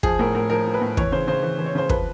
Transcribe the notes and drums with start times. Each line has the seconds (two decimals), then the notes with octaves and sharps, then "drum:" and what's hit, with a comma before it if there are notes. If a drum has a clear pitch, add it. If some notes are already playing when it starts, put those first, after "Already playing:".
0.03 F3 G#4, drum: kick
0.19 A2 A#4
0.35 A2 A#4
0.50 F3 A#4
0.66 F3
0.74 B4
0.82 A2
0.97 E3 C#5, drum: kick
1.12 C#3 C5
1.27 C#3 C5
1.43 E3
1.59 E3
1.66 C#5
1.75 C#3 C5
1.89 F3 B4, drum: kick